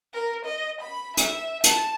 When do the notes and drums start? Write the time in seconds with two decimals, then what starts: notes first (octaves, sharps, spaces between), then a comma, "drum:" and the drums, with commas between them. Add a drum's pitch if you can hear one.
0.14 A#4
0.46 D#5
0.81 B5
1.17 E5, drum: hi-hat
1.64 A5, drum: hi-hat